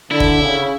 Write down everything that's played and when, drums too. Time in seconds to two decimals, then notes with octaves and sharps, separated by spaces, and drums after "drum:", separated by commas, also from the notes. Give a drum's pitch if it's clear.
0.11 D3 E4
0.20 drum: kick F1
0.42 C#3